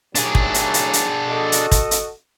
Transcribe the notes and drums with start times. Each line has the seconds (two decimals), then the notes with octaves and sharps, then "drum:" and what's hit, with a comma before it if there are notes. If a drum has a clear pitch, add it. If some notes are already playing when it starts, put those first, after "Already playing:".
0.15 D#2 A2 F#3 D4 G#4, drum: hi-hat
0.35 drum: kick
0.54 drum: hi-hat
0.74 drum: hi-hat
0.93 drum: hi-hat
1.29 F#4 A4 D#5
1.52 drum: hi-hat
1.72 drum: kick, hi-hat
1.91 drum: hi-hat